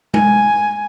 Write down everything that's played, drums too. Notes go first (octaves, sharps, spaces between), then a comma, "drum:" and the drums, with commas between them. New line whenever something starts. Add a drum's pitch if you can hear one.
G#5, drum: tom G#3